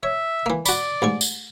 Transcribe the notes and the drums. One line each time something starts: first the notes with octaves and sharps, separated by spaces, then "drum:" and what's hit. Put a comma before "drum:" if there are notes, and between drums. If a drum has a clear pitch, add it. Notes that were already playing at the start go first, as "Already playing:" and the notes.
C#5 E5
E3 A#3
F#4 D5 B5, drum: tambourine
A1 G#2 C#6
drum: tambourine